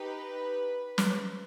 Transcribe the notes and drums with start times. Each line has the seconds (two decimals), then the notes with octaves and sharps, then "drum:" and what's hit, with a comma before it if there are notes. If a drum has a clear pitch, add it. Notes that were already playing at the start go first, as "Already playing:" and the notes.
Already playing: D#4 G4 B4
0.98 drum: snare
1.08 C5